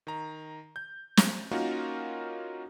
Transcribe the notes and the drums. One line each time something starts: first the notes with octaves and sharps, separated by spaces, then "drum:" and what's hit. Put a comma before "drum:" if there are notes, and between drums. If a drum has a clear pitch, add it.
D#3 A#5
G6
drum: snare
A#3 C#4 D#4 F4 F#4 A#4